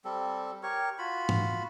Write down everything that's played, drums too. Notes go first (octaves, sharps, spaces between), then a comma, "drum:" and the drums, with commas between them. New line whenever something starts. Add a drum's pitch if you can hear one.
G3 C4 A4
G4 A#4 C#5 C#6
F4 F#4 B5
drum: tom